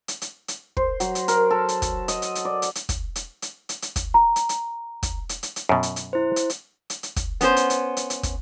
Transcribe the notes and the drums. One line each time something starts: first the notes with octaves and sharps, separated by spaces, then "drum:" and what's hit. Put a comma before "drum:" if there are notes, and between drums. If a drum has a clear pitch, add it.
drum: hi-hat
drum: hi-hat
drum: hi-hat
C5, drum: kick
F#3, drum: hi-hat
drum: hi-hat
A#4, drum: hi-hat
A4
drum: hi-hat
drum: kick, hi-hat
D#5, drum: hi-hat
drum: hi-hat
drum: hi-hat
D5
drum: hi-hat
drum: hi-hat
drum: kick, hi-hat
drum: hi-hat
drum: hi-hat
drum: hi-hat
drum: hi-hat
drum: kick, hi-hat
A#5
drum: hi-hat
drum: hi-hat
drum: kick, hi-hat
drum: hi-hat
drum: hi-hat
drum: hi-hat
F#2 B2
drum: hi-hat
drum: hi-hat
E4 C5
drum: hi-hat
drum: hi-hat
drum: hi-hat
drum: hi-hat
drum: kick, hi-hat
B3 C#4 G4 C5, drum: hi-hat
drum: hi-hat
drum: hi-hat
drum: hi-hat
drum: hi-hat
drum: kick, hi-hat